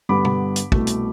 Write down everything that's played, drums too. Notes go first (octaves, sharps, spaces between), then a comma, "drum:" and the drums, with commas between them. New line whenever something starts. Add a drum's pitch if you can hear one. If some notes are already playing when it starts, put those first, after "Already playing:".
G2 D3 G3 B3 B5 D6
drum: tom
drum: hi-hat
C2 B2 A3, drum: kick
drum: hi-hat